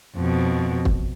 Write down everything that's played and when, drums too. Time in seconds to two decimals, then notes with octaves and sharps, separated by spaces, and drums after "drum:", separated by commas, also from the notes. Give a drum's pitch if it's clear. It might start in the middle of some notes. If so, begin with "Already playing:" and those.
0.16 F2 B2
0.85 drum: kick